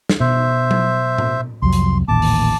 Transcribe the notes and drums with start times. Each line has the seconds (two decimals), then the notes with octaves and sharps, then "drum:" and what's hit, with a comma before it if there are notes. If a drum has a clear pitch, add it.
0.09 drum: snare
0.20 B2 C5 E5
0.71 drum: tom F#3
1.18 drum: tom A2
1.62 C2 F2 F#3 C6
1.72 drum: hi-hat
2.08 D#1 A1 D#2 A5 D6
2.22 drum: open hi-hat